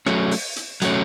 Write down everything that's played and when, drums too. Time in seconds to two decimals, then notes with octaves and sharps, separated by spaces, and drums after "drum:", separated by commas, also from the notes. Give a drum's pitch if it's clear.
0.06 F#3 A3 C#4, drum: rim click
0.31 drum: open hi-hat
0.56 drum: hi-hat
0.82 F#3 A3 C#4, drum: hi-hat